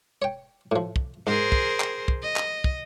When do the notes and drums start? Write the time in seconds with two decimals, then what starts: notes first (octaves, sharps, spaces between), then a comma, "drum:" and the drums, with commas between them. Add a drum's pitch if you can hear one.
0.22 C#5 G5
0.72 A2 F3
0.96 drum: kick
1.27 G#2 G#4 A#4 C5
1.52 drum: kick
1.80 drum: clap
2.08 drum: kick
2.22 D#5
2.36 drum: clap
2.64 drum: kick